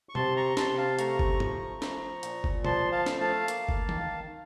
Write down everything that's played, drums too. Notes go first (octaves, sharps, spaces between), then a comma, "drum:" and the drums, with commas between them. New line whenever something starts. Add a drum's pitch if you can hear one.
C#6
C3 A5 C6, drum: tom
A#5 C#6
C3 A5 C6, drum: snare
F5 A5
A3 A#5 C#6, drum: hi-hat
drum: kick G1
F3, drum: tom G#2
F3, drum: snare
A#2, drum: hi-hat
drum: kick G1
F3 A5 C6, drum: tom
F5 A5
A3, drum: snare
F5 A5
A#3, drum: hi-hat
drum: kick G1
D#3, drum: tom E3